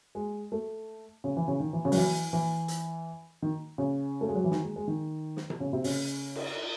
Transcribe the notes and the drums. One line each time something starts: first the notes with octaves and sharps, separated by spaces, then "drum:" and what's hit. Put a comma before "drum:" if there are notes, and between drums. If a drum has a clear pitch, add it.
G#3
A3
C#3
E3
C#3
D#3
E3
C#3
F#3, drum: open hi-hat
E3
E3
drum: hi-hat
D#3
C#3
A3
G#3
F#3
E3
D#3, drum: snare
G#3
G#3
D#3
drum: snare
drum: tom C3
C#3
C3
C#3, drum: open hi-hat
drum: cymbal